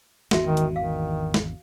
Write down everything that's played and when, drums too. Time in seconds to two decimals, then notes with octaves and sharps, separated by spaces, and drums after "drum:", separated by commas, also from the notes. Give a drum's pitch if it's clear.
0.31 G#1 E2 D3 F#4 E5, drum: snare
0.45 D#3
0.57 drum: hi-hat
0.76 D#3 F5
1.34 drum: snare